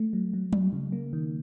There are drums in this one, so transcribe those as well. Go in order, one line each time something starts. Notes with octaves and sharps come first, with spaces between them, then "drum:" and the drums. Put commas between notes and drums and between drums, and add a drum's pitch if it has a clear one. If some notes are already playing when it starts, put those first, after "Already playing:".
Already playing: A3
F#3
F#3
F#3, drum: tom F#3
C#3
A#3
D#3